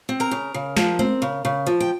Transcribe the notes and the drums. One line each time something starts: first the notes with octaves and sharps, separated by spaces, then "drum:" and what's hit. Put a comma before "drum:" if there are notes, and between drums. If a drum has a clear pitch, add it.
C4
A#4 A#5
C#3
C#3
F3, drum: snare
C4, drum: tom
C#3
C#3
F3
G5